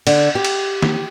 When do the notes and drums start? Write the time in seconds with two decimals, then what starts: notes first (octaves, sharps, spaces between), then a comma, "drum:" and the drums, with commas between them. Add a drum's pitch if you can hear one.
0.07 D3, drum: cymbal
0.35 G4
0.45 drum: cymbal
0.82 drum: snare